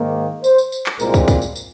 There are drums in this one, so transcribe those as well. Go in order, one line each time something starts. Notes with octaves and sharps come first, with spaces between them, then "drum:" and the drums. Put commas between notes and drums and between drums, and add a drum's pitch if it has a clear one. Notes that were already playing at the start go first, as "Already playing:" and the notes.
Already playing: G#2 D#3 A#3
C5, drum: tambourine
drum: tambourine
drum: tambourine
drum: clap
C2 A#2 G#3 C4 A#4, drum: tambourine
drum: kick, tambourine
drum: kick, tambourine
drum: tambourine
drum: tambourine